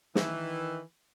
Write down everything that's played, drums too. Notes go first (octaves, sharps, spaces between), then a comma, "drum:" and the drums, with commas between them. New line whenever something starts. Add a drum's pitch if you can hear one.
D#3 E3, drum: snare